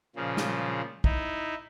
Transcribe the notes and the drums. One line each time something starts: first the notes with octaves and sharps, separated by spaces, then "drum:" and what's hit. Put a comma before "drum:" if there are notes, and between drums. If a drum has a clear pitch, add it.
A#2 C#3 F3
drum: snare
D#4 E4, drum: kick